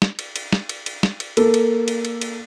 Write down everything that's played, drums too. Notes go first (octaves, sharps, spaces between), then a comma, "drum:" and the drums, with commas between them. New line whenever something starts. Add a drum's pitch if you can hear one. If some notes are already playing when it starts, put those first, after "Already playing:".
drum: snare
drum: cymbal
drum: cymbal
drum: snare
drum: cymbal
drum: cymbal
drum: snare
drum: cymbal
A#3 A4, drum: cymbal
drum: cymbal
drum: cymbal
drum: cymbal
drum: cymbal